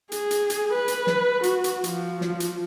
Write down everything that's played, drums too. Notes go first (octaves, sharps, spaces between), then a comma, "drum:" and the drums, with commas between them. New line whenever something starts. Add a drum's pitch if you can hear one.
G#4, drum: hi-hat
drum: hi-hat
drum: hi-hat
B4
drum: hi-hat
drum: snare
F#4, drum: hi-hat
drum: hi-hat
F3, drum: hi-hat
drum: snare
drum: hi-hat